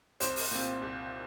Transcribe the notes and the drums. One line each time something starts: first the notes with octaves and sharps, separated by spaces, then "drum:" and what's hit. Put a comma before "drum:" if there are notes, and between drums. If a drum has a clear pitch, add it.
C2 C5, drum: hi-hat
drum: open hi-hat
A#2 F3 C4
C2